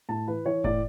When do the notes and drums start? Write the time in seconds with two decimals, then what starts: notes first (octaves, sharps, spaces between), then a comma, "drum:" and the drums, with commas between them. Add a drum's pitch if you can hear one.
0.09 A2 A5
0.27 E3 B4
0.45 E3 C#5
0.64 A2 D5, drum: kick F1